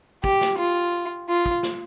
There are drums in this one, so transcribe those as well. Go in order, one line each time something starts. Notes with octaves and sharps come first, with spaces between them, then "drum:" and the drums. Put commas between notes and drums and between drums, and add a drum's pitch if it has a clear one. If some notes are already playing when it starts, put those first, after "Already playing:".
G4, drum: kick
drum: snare
F4
F4
drum: kick
drum: snare